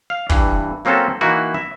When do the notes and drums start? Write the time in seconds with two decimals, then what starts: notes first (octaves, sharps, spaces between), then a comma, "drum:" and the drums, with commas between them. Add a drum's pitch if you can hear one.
0.10 F5
0.30 G2 E3, drum: kick
0.85 F#3 A#3 C4 C#4 F#4 A4
1.21 E3 A#3 D#4 E4 F#4
1.54 E5